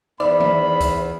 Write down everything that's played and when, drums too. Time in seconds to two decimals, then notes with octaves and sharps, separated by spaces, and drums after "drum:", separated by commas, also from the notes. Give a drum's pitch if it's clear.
0.20 E2 D#4 C5 D5 E5 B5, drum: rim click
0.40 drum: tom D#3
0.80 drum: kick C2, hi-hat